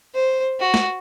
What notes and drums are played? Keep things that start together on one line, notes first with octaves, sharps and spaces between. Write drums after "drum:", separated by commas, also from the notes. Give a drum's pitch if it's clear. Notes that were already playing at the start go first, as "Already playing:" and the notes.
C5
F#4
drum: snare